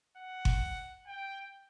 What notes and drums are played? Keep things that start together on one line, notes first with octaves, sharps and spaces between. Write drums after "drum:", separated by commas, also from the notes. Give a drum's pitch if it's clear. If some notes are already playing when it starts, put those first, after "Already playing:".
F#5
drum: kick G1
G5